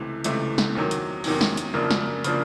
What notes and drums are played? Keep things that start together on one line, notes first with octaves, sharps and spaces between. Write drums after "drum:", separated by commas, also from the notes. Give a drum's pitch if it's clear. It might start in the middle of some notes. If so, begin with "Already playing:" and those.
Already playing: C#2 C3 E3 A3
C#2 C3 E3 A3, drum: hi-hat
drum: snare
E2 C3 D#3 F#3
drum: hi-hat
E2 C3 D#3 F#3, drum: open hi-hat
drum: snare
drum: hi-hat
F#2 C#3 F3 A#3 D4
drum: snare
C#3 F3 A#3 D4, drum: hi-hat